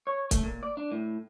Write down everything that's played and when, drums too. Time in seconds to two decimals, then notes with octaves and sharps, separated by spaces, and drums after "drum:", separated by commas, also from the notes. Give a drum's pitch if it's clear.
0.07 C#5
0.31 A3, drum: kick, hi-hat
0.44 A#2
0.63 D5
0.77 D4
0.92 A2